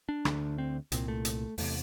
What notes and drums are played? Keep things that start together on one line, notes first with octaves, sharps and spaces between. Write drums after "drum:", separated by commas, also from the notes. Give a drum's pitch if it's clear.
D4
D2 D3, drum: rim click
C4
C2 A#2 C4, drum: hi-hat
A3
drum: hi-hat
E2 C3 A3, drum: open hi-hat